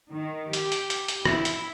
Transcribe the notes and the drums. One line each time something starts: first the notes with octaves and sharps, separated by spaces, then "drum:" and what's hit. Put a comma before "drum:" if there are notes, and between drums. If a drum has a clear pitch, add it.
D#3
G4, drum: hi-hat
drum: hi-hat
drum: hi-hat
drum: hi-hat
E4, drum: rim click
drum: hi-hat